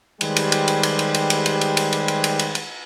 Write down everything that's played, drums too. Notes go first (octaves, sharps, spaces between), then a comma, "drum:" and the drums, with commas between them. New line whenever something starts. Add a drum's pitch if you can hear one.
D#3 G3 G#3 G4 B4 C5, drum: cymbal
drum: cymbal
drum: cymbal
drum: cymbal
drum: cymbal
drum: cymbal
drum: cymbal
drum: cymbal
drum: cymbal
drum: cymbal
drum: cymbal
drum: cymbal
drum: cymbal
drum: cymbal
drum: cymbal
drum: cymbal